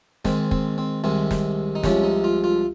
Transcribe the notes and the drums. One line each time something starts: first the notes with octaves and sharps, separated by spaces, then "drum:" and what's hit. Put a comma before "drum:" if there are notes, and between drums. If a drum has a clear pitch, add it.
G#2 D#3 G#3 C4, drum: snare
C4, drum: kick
C4
C2 C3 D#3 G#3 C4
drum: snare
D#4
C2 C3 F3 G#3 C#4, drum: snare
D#4
F4
F4